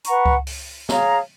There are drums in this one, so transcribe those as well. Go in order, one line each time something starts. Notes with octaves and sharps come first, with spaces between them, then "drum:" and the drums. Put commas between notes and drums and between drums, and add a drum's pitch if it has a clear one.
B4 F#5 A#5 C#6, drum: hi-hat
drum: kick C#2
drum: open hi-hat
G#4 C#5 F5 A#5, drum: snare